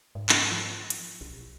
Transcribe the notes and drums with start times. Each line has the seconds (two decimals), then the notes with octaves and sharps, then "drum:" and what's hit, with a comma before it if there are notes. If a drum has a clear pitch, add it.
0.15 G#2
0.29 drum: clap
0.51 F3
0.90 drum: hi-hat
1.21 B1